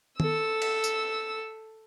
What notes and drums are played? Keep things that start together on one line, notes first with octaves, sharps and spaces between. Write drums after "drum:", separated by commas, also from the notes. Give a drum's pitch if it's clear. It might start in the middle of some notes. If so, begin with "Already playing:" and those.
A4 E6, drum: tom D#3
drum: cymbal
drum: tambourine